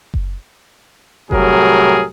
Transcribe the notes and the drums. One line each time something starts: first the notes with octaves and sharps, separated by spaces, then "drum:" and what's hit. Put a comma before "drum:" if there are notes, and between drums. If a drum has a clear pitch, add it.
drum: kick F#1
C2 A2 F#3 G4 G#4 A#4, drum: kick F#1